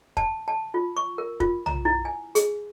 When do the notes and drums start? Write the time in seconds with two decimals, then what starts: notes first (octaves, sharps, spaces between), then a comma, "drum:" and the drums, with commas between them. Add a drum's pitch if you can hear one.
0.17 A5, drum: kick
0.48 A5
0.74 F4
0.97 C#6
1.18 A#4
1.40 F4, drum: kick
1.66 A#5, drum: tom
1.85 E4
2.05 G#5
2.35 G#4, drum: hi-hat